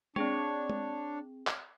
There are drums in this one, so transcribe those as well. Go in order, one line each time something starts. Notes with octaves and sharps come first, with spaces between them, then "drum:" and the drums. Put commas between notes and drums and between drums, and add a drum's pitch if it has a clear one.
C4 D4 G#4 C#5 G5, drum: tom
drum: tom
drum: clap